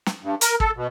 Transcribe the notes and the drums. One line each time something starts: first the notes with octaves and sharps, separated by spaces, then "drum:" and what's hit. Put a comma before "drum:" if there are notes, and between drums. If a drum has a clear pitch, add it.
drum: snare
G2
A#4, drum: hi-hat
A4, drum: kick
B2